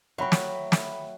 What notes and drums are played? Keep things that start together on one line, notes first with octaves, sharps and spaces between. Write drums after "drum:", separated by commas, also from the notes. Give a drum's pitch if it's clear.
F#3 F#4 C#5 E5 G5 B5
drum: snare
drum: snare